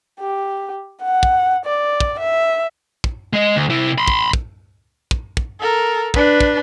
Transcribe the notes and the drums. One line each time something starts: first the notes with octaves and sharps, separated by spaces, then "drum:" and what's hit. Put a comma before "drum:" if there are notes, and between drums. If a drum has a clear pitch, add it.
G4
F#5
drum: kick
D5
drum: kick
E5
drum: kick
G#3 D#5
D2
C3 E4
B5 C6
drum: kick
drum: kick
drum: kick
drum: kick
A4 A#4
D4 B4, drum: kick
drum: kick